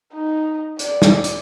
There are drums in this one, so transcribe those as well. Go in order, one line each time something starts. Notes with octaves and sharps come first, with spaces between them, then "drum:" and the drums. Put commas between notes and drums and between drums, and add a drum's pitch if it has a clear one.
D#4
D5, drum: hi-hat
drum: snare
drum: hi-hat